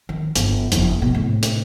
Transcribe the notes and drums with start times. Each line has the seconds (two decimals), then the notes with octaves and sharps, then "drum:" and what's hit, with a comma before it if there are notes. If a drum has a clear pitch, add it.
0.09 D#3
0.36 G1, drum: hi-hat
0.72 F#1 F2, drum: hi-hat
0.99 G#1 B2
1.15 A2 C3
1.43 drum: hi-hat